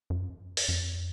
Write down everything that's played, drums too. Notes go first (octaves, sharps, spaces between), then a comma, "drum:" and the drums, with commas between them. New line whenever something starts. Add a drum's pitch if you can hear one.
F#2
drum: open hi-hat
F#2
F2